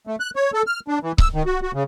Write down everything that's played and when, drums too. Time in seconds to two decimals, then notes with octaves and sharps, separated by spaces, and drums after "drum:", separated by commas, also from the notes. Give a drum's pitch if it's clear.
0.07 A3
0.20 F#6
0.36 C#5
0.53 A4
0.67 F6
0.88 D4
1.03 E3
1.18 E6, drum: kick C#1
1.34 D#3
1.46 F#4
1.62 F#4
1.74 C#3